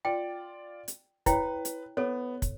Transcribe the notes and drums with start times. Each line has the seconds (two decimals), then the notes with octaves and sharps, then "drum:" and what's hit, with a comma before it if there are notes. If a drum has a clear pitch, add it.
0.05 F4 D5 G5
0.88 drum: hi-hat
1.26 E4 B4 C#5 G5, drum: kick, hi-hat
1.65 drum: hi-hat
1.97 B3 A4 C#5
2.42 drum: kick, hi-hat